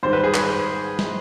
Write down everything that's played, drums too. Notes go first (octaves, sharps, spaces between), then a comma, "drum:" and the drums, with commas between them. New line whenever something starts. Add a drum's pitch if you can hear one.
G#2 D#3 G3 C5
B4
G#4
B4, drum: clap
drum: snare